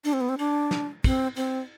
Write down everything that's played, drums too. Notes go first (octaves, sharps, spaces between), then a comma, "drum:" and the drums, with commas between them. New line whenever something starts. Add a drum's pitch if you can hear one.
D4, drum: cymbal
C4
B3
C4
D4, drum: cymbal
drum: snare
C4, drum: kick, cymbal
C4, drum: cymbal